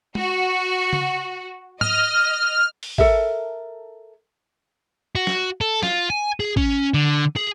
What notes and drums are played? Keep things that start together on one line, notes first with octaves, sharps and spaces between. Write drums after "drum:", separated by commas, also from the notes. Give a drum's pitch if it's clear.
F#4, drum: tom
drum: tom C#3
D#5 F6, drum: tom G#2
drum: open hi-hat
A4 A#4 E5, drum: kick
F#4
drum: snare
A4
F4, drum: snare
G#5
G#4
C#4, drum: kick
D3
G#4